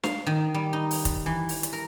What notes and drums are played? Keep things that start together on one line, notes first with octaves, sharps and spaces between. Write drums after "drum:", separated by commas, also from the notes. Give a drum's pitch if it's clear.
F5, drum: snare
D#3
G3
D#4
drum: open hi-hat
drum: kick, hi-hat
E3
drum: open hi-hat
drum: hi-hat
A#4